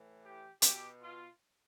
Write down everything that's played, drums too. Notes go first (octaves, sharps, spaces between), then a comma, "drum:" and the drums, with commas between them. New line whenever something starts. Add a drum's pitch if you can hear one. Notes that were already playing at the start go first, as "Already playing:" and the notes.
Already playing: A2 E3
G4
B2 G4, drum: hi-hat
F4